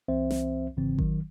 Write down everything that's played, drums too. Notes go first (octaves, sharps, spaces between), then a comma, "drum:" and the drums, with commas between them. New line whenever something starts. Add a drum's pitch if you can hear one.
C2 E3 C4 C5 E5
drum: snare
G#1 G#2 C#3 E3 C4
D#3 F#3, drum: kick G#1